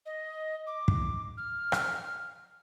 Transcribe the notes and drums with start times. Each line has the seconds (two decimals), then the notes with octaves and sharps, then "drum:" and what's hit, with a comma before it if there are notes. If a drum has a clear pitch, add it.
0.06 D#5
0.67 D6
0.88 drum: kick
1.38 F6
1.72 drum: rim click